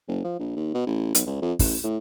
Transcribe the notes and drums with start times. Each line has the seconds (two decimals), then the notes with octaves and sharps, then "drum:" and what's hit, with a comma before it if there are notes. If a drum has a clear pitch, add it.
0.08 F#1
0.24 F3
0.39 A#1
0.56 D#2
0.74 B2
0.87 A1
1.15 B1, drum: hi-hat
1.26 C#2
1.42 F2
1.59 A1, drum: kick, open hi-hat
1.84 A2